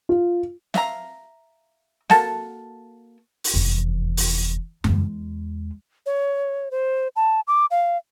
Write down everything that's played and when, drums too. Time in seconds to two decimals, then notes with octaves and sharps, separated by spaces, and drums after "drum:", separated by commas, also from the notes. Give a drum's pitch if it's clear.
0.09 F4
0.74 E5 F5 A#5, drum: snare
2.10 A#3 F#4 A4 A5, drum: snare
3.44 drum: open hi-hat
3.54 F1 E2
4.17 drum: open hi-hat
4.84 E2 G#3, drum: tom F#2
6.06 C#5
6.71 C5
7.16 A5
7.47 D6
7.71 F5